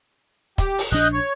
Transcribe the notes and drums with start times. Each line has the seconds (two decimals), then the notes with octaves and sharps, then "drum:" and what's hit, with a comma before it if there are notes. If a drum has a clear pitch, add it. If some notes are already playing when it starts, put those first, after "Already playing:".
0.58 G4, drum: kick, hi-hat
0.78 drum: open hi-hat
0.92 A#1 D4 D#5 F#6 G6
1.12 C#5